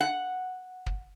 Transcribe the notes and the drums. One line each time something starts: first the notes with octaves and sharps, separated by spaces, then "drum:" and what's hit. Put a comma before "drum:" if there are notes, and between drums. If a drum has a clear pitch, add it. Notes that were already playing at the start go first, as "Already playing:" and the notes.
F#5
drum: kick